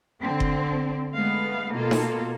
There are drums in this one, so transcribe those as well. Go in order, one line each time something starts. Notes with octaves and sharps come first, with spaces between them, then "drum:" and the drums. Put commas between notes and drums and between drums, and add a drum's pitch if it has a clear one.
D3 C4
drum: kick F#1
G#3 A3 B3 F5
B2 A#3 F4 A4
drum: snare D#4